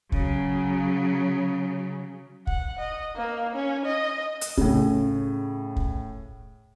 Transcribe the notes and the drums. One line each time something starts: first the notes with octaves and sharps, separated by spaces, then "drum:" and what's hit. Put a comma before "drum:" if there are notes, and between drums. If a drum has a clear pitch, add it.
C#3 F#3, drum: kick
F#5, drum: kick
D#5
A#3
C#4
D#5
drum: hi-hat
A2 C#3, drum: kick
drum: kick